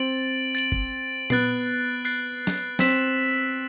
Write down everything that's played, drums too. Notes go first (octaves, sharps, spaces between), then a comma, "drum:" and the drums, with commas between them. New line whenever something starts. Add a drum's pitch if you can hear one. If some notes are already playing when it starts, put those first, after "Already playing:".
Already playing: C4 A6 D7 F#7
A6 D7 F#7, drum: tambourine
drum: kick
B3 F#6 A6 C7, drum: tom A#2
F#6 A6 C7
drum: snare
C4 E6 B6 E7, drum: snare